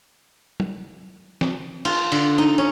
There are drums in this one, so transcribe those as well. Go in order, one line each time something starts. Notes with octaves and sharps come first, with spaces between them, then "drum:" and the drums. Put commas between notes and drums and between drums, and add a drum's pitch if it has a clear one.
drum: tom
drum: snare
F4, drum: cymbal
D3, drum: open hi-hat
D#4
C#4